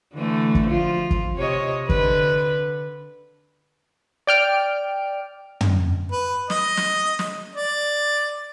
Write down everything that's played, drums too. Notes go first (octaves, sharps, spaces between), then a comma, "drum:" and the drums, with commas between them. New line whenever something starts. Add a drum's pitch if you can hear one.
D3 E3 A3
drum: kick
F3 F4
drum: kick
C3 C#5 D#5
D3 B4, drum: kick
D5 G5 F6 D7
drum: tom
B4
D#5, drum: snare
drum: snare
drum: snare
D5